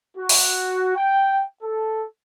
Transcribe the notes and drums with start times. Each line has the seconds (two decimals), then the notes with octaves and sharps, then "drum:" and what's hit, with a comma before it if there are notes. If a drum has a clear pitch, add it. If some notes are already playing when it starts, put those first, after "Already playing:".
0.17 F#4
0.29 drum: open hi-hat
0.96 G5
1.63 A4